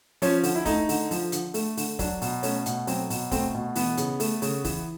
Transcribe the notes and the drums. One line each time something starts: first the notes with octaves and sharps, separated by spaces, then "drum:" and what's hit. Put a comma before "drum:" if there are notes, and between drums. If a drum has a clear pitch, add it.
F3 C#4, drum: open hi-hat
D3, drum: open hi-hat
E4
A3 D#4, drum: kick, open hi-hat
D3, drum: open hi-hat
F3, drum: open hi-hat
D3, drum: hi-hat
A3, drum: open hi-hat
D3, drum: open hi-hat
F#3 D4, drum: kick, open hi-hat
B2, drum: open hi-hat
A3 C#4, drum: open hi-hat
B2, drum: hi-hat
F#3 C4, drum: open hi-hat
B2, drum: open hi-hat
A3 C4, drum: kick, open hi-hat
B2
E3 B3, drum: open hi-hat
C#3, drum: hi-hat
A3, drum: open hi-hat
C#3, drum: open hi-hat
E3, drum: kick, open hi-hat